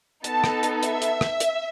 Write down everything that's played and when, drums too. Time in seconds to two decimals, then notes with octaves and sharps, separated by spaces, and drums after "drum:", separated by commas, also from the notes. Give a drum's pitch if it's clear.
0.24 B3 D#4 A4 A5, drum: hi-hat
0.44 drum: rim click
0.63 drum: hi-hat
0.83 E5, drum: hi-hat
1.02 drum: hi-hat
1.21 drum: rim click
1.40 drum: hi-hat